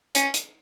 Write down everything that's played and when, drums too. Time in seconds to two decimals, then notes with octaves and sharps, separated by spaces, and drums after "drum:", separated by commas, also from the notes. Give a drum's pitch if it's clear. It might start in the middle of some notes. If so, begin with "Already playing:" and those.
0.15 C#4, drum: hi-hat
0.34 drum: hi-hat